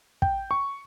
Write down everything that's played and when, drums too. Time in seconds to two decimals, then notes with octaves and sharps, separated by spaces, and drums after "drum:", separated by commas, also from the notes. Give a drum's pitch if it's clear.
0.22 G5, drum: kick
0.51 C#6